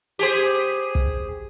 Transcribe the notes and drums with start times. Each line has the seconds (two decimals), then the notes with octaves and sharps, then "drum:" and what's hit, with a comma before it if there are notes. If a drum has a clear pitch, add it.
0.19 G4 G#4 C5, drum: open hi-hat
0.95 drum: kick